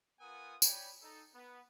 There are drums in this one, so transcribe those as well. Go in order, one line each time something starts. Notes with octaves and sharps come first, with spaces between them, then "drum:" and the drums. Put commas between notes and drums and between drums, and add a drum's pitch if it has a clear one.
B3 F4 A#4 F#5 G#5 D#6
C#5 D5 G5 G#5 B5, drum: tambourine
D#4 A4
B3